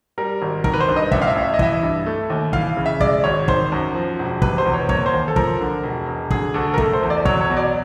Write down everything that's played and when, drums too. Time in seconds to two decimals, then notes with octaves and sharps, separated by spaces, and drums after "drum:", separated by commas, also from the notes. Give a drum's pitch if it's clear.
0.18 G3 A#4
0.42 G#1
0.64 D#3 A#4, drum: kick
0.74 B4
0.80 C5
0.88 G2
0.96 D#5
1.12 A1 E5, drum: kick
1.22 F5
1.27 E5
1.36 A1
1.43 E5
1.54 D#5
1.59 E3 E5, drum: kick
1.83 G2
2.06 A3
2.30 D#2
2.53 E3 F5, drum: kick
2.77 C#3
2.86 E5
3.00 G#3 D5, drum: kick
3.24 G#1 C#5
3.48 D#3 C5, drum: kick
3.72 F#2
3.95 F3
4.19 E1
4.42 C3 B4, drum: kick
4.58 C5
4.65 E2
4.74 C#5
4.89 A#3 C#5, drum: kick
5.06 C5
5.14 D#2
5.28 A4
5.36 F3 A#4, drum: kick
5.61 D3
5.83 E1
6.08 E1
6.30 D3 G#4, drum: kick
6.54 D2 A4
6.74 A#4
6.78 A3 A4, drum: kick
6.93 C5
7.02 E2
7.10 D5
7.25 F#3 C#5, drum: kick
7.41 C#5
7.49 B2
7.57 D5